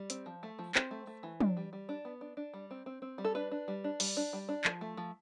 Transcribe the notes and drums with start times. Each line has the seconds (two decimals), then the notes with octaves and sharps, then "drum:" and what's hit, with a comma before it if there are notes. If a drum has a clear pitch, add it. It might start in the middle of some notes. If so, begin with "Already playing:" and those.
Already playing: G3
0.10 C4, drum: hi-hat
0.26 F3
0.43 A3
0.59 F3
0.75 C4 C5, drum: clap
0.91 A3
1.07 A3
1.23 E3
1.40 D4, drum: tom
1.57 G3
1.73 G3
1.89 D4
2.05 B3
2.21 D4
2.37 D4
2.54 G3
2.71 C4
2.86 C4
3.02 C4
3.18 G3
3.24 A4
3.35 D4 B4
3.51 D4
3.68 G3
3.84 D4
4.00 G3, drum: open hi-hat
4.17 D4
4.33 G3
4.49 D4
4.64 F3, drum: clap
4.81 A3
4.97 F3